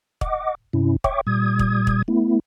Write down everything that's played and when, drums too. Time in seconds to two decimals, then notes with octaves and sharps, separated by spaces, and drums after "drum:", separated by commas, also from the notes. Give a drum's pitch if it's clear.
0.21 D#5 F#5 D6, drum: kick
0.73 G2 C3 C#4 E4
1.04 C#5 E5 G5 C#6 D6, drum: kick
1.27 A#2 G3 D#6 G#6
1.59 drum: kick
1.87 drum: kick
2.08 A3 B3 E4